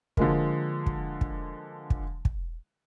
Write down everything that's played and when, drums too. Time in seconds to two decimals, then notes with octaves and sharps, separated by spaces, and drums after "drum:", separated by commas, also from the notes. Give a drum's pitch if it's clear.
0.17 D3 F3 G#3 A#3, drum: kick
0.86 drum: kick
1.21 drum: kick
1.90 drum: kick
2.25 drum: kick